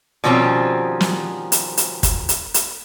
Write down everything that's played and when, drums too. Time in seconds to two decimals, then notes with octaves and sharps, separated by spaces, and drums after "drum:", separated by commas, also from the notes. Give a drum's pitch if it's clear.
0.24 B2 D#3 F3 G3 C4 C#4
1.01 drum: snare
1.52 drum: hi-hat
1.77 drum: hi-hat
2.03 drum: kick, hi-hat
2.29 drum: hi-hat
2.54 drum: hi-hat